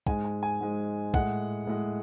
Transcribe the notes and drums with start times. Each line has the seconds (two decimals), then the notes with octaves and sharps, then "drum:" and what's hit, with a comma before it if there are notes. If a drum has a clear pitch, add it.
0.07 G#2 G#3 G#5, drum: kick
0.25 G#5
0.43 G#5
0.60 G#2 G#3
1.14 A2 G#3 F#5, drum: kick
1.67 A2 G#3